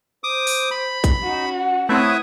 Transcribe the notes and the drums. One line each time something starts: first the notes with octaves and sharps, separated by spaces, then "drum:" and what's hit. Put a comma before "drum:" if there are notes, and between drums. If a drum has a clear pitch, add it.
C5 D6 D#6
drum: open hi-hat
B5
drum: kick A#1, hi-hat
C#4 D#4 F#4
F#5
A3 C4 E4 B4 C#5 E5 F#5 D#6